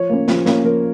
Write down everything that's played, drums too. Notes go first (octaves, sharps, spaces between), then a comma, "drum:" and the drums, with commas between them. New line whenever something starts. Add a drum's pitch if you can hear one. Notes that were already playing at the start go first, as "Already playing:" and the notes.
Already playing: F3 C#5
A#3 C#4
F3, drum: snare
A#3 C#4, drum: snare
F3 A#4